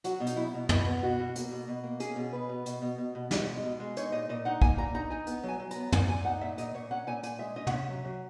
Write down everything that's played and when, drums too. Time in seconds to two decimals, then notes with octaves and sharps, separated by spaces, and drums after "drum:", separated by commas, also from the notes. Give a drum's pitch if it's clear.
0.04 F#3 F#4, drum: hi-hat
0.20 B2
0.26 D#4, drum: hi-hat
0.36 F#3 E4
0.54 B2
0.69 B2 E4, drum: tom
0.86 B3
1.03 B2 F#4
1.19 B2
1.36 A#3, drum: hi-hat
1.51 B2
1.68 B2
1.84 A#3
2.00 C#4 G#4, drum: hi-hat
2.16 B2
2.32 B2 B4
2.49 B2
2.66 B2, drum: hi-hat
2.82 B2
2.98 B2
3.15 B2
3.31 B2, drum: snare
3.47 G#3
3.63 B2
3.80 G#3
3.97 D#4 C#5, drum: hi-hat
4.12 A#2 D#5
4.29 A#2 D#5
4.45 D#4 F#5
4.62 A#3 G#5, drum: kick
4.78 A#2 A#5
4.94 D#4 A#5
5.10 D#4 G#5
5.27 B3, drum: hi-hat
5.43 F#3 G#5
5.60 F#3
5.71 A#5, drum: hi-hat
5.76 B3
5.92 A#2 G#5, drum: tom
6.08 A#2 G#5
6.25 D#4 F#5
6.41 A#2 E5
6.58 A#2 D#5, drum: hi-hat
6.74 A#2 C#5
6.91 C#4 F#5
7.07 A#2 G#5
7.23 A#2 G#5, drum: hi-hat
7.39 G#3 E5
7.56 C#4 D#5
7.67 F#5, drum: tom
7.73 C#4 E5
7.89 F#3
8.05 F#3